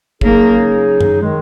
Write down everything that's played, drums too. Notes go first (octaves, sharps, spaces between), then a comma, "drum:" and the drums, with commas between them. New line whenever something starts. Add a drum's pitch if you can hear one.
C#3 F#3 A#3 D#4 G#4, drum: kick
drum: tom F#2
D#3 G#3